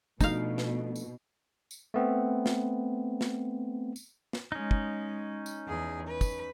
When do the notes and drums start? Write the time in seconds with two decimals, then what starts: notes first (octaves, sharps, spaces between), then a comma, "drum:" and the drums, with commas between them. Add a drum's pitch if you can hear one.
0.21 B2 F3 A3 D4 D#4 F5, drum: kick, tambourine
0.58 drum: snare
0.96 drum: tambourine
1.71 drum: tambourine
1.94 A3 B3 C4
2.46 drum: snare
3.21 drum: snare
3.96 drum: tambourine
4.33 drum: snare
4.52 G#3 C#4 D#4
4.71 drum: kick
5.46 drum: tambourine
5.66 E2 G#4
6.07 B4
6.21 drum: kick, tambourine